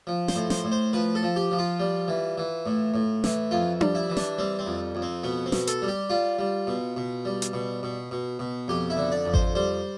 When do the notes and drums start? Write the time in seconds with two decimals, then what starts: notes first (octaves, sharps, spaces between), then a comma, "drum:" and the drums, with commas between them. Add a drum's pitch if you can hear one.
0.07 F3
0.28 C5, drum: snare
0.35 A2
0.50 C5, drum: snare
0.64 A2
0.72 C5
0.93 F3 B4
1.15 A4
1.23 F3
1.36 G4
1.51 F3
1.59 F4
1.80 G3
2.08 E3
2.38 E3
2.66 A2
2.94 A2
3.24 E3, drum: snare
3.51 F2 F4
3.81 G3, drum: tom D4
3.95 E4
4.10 E3
4.17 D4, drum: snare
4.38 G3 C4
4.59 C4
4.66 F2
4.95 F2
5.02 C4
5.24 B2 B3
5.46 C4
5.52 B2, drum: snare
5.67 A4, drum: hi-hat
5.82 G3
5.88 G4
6.10 G3 F4
6.39 G3
6.67 B2
6.96 B2
7.25 G3
7.42 drum: hi-hat
7.53 B2
7.83 B2
8.11 B2
8.39 B2
8.68 F2 G4
8.90 E4
8.97 D3
9.12 D5
9.26 F2
9.34 C5, drum: kick G#1
9.55 G3 C5